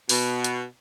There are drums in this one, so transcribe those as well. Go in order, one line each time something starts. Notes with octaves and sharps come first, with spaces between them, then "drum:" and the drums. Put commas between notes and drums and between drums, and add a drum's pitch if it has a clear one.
B2, drum: open hi-hat
drum: hi-hat